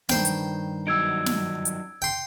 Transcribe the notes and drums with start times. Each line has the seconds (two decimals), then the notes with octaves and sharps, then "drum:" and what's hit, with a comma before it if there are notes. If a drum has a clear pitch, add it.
0.09 G2 D#3 C5 G5, drum: snare
0.25 drum: hi-hat
0.87 F#2 F#3 D#4 E6 G#6 D7
1.26 drum: snare
1.65 drum: hi-hat
2.02 G5 C6